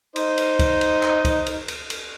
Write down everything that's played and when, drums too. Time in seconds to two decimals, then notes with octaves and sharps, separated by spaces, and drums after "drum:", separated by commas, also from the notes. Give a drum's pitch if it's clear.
0.16 D#4 C5 D#5, drum: cymbal
0.38 drum: cymbal
0.59 drum: kick C#2, cymbal
0.81 drum: cymbal
1.03 drum: clap
1.25 drum: kick C#2, cymbal
1.46 drum: cymbal
1.68 drum: cymbal
1.90 drum: cymbal